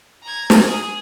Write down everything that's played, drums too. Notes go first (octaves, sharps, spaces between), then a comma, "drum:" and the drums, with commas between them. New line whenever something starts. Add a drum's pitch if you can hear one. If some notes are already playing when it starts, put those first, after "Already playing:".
A#5 G#6
drum: snare
G#4